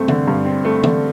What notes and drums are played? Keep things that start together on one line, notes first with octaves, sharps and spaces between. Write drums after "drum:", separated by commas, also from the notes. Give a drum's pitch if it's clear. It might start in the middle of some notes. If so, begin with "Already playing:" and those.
Already playing: G2 A3 C4
D3, drum: tom
G2
C4
A3
D3, drum: tom